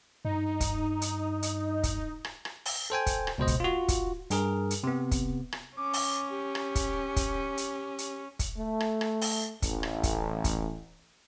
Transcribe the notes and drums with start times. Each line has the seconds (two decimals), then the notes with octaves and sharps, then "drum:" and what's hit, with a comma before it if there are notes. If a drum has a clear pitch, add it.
0.25 G2 D#4
0.61 drum: kick, hi-hat
1.02 drum: hi-hat
1.43 drum: hi-hat
1.84 drum: kick, hi-hat
2.25 drum: rim click
2.45 drum: rim click
2.66 drum: open hi-hat
2.90 A4 C5 G5 G#5
3.06 drum: kick, hi-hat
3.27 drum: rim click
3.38 C#2 B2 C5 D#5
3.47 drum: kick, hi-hat
3.60 F4 F#4
3.88 drum: kick, hi-hat
4.30 G2 G#4 A#4, drum: hi-hat
4.70 drum: hi-hat
4.84 C3 B3
5.11 drum: kick, hi-hat
5.52 drum: rim click
5.77 C#4 D6
5.93 drum: open hi-hat
6.30 G4
6.55 drum: rim click
6.75 drum: kick, hi-hat
7.16 drum: kick, hi-hat
7.57 drum: hi-hat
7.98 drum: hi-hat
8.39 drum: kick, hi-hat
8.57 A3
8.80 drum: rim click
9.01 drum: rim click
9.21 drum: open hi-hat
9.62 A1, drum: kick, hi-hat
9.83 drum: rim click
10.03 drum: kick, hi-hat
10.44 drum: kick, hi-hat